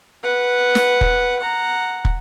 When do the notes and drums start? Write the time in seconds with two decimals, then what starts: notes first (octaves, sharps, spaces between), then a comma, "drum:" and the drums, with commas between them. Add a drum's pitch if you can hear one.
0.23 B4 F#5
0.75 drum: snare
1.01 drum: kick
1.39 F#5 A#5
2.05 drum: kick